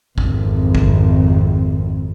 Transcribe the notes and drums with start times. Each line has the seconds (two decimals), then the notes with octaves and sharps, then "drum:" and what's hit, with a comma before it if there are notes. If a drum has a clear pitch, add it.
0.18 G#1 F2, drum: kick A#1
0.75 drum: kick A#1